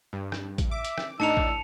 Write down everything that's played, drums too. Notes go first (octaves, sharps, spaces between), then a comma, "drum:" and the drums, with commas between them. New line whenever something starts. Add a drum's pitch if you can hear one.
G2
drum: rim click
drum: kick A1, hi-hat
E5 D6
drum: hi-hat
drum: rim click
A2 D4 D#4 A5 E6 C#7 F7
drum: kick A1